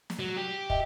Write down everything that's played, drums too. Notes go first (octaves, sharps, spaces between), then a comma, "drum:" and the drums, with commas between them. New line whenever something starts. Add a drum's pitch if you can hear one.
drum: snare
F#3
G4
D#5 E5 G5, drum: kick